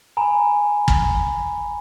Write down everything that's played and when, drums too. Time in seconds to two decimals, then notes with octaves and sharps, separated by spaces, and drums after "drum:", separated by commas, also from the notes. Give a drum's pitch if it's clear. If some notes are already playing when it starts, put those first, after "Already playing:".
0.17 G#5 A#5 B5
0.88 drum: kick